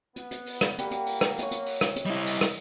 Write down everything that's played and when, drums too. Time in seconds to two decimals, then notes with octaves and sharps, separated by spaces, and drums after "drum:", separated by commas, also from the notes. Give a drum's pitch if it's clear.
0.16 B3, drum: hi-hat
0.31 drum: hi-hat
0.46 drum: open hi-hat
0.61 drum: rim click
0.79 G3 A#3 F#5 B5, drum: hi-hat
0.91 drum: hi-hat
1.06 drum: open hi-hat
1.21 drum: rim click
1.39 C#5 G#5, drum: hi-hat
1.51 drum: hi-hat
1.66 drum: open hi-hat
1.81 drum: rim click
1.96 drum: hi-hat
2.06 G3 E4 D#5
2.26 drum: open hi-hat
2.41 drum: rim click